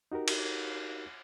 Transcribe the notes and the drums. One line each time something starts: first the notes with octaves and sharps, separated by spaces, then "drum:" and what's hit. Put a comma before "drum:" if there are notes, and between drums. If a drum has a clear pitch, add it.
D#4 F#4 G4 A#4
drum: cymbal